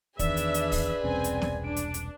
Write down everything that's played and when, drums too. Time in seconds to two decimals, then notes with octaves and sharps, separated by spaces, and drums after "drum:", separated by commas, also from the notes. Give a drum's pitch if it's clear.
0.19 E2 D#3 D4 G#4 B4 D5 E5, drum: kick, hi-hat
0.37 drum: hi-hat
0.54 drum: hi-hat
0.72 drum: kick, open hi-hat
1.04 E1 C2 C4 C#4 G#5
1.24 drum: hi-hat
1.42 drum: snare
1.64 D4 D7
1.76 drum: hi-hat
1.94 drum: hi-hat